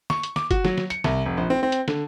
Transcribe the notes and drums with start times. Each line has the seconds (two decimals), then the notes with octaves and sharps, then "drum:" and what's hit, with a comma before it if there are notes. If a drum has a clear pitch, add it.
0.10 C#6, drum: snare
0.23 drum: hi-hat
0.36 D6, drum: snare
0.51 F#4, drum: kick F#1, hi-hat
0.65 F#3, drum: snare
0.78 drum: snare
0.90 C#7, drum: hi-hat
1.04 C2, drum: snare
1.26 F1
1.37 A#1
1.50 C4
1.63 C4
1.72 drum: hi-hat
1.88 D3, drum: snare